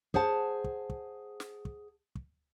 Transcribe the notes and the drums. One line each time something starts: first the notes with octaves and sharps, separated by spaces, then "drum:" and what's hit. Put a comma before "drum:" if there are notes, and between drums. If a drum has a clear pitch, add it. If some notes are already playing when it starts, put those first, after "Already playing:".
G#4 C5 F#5 A5, drum: kick
drum: kick
drum: kick
drum: snare
drum: kick
drum: kick